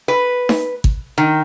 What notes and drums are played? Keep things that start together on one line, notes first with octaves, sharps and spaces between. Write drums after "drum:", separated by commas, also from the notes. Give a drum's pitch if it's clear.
B4
drum: snare D#4
drum: kick
D#3